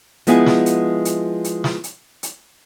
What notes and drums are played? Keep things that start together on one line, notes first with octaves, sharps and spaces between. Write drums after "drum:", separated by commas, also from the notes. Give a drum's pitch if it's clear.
F3 G#3 B3 E4 G#4, drum: hi-hat
drum: snare
drum: hi-hat
drum: hi-hat
drum: hi-hat
drum: snare
drum: hi-hat
drum: hi-hat